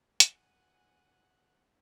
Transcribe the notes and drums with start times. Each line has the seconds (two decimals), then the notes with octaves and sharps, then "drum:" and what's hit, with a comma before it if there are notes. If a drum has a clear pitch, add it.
0.20 F#5 G#5, drum: hi-hat